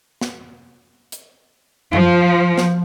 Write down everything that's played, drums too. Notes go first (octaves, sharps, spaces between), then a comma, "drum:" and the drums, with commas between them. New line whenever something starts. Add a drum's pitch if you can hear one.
drum: snare
drum: hi-hat
F3, drum: tom F#2
drum: snare